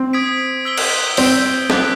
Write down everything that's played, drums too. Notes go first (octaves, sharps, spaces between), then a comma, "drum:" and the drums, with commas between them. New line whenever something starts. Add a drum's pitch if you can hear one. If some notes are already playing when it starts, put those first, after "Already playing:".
Already playing: C4
D#6 G#6 B6 D7
E6 G#6 B6 D7 G7
drum: cymbal
C4 G6 B6 D7, drum: open hi-hat
D6 F#6 B6, drum: snare